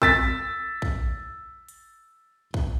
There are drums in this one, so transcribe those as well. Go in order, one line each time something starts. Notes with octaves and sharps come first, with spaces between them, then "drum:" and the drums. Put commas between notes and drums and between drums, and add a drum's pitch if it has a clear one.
E6 A6 B6, drum: kick
drum: kick
drum: hi-hat
drum: kick